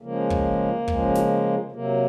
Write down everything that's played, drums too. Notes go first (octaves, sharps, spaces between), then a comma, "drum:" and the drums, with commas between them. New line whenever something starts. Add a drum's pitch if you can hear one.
C#3 F3 G#3 A#3
drum: kick
C#3 F3 G#3, drum: kick
drum: snare
C3 F#3 A#3